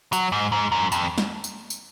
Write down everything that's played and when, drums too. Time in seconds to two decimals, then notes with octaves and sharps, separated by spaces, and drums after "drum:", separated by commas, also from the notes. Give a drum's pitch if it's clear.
0.13 F#3, drum: tambourine
0.32 G#2
0.52 G#2
0.72 F#2
0.92 F2, drum: tambourine
1.18 drum: snare
1.44 drum: tambourine
1.70 drum: tambourine